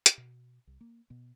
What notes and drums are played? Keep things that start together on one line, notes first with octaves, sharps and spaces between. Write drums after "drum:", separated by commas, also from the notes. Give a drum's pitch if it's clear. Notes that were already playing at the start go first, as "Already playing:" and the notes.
drum: hi-hat
B2
C2
A#3
B2 B3